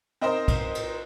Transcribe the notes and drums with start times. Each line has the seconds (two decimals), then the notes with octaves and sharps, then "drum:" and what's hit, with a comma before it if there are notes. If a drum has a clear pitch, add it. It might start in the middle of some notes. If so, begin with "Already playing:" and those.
0.21 C4 D#4 A#4 C5 D#5
0.48 drum: kick, cymbal
0.75 drum: cymbal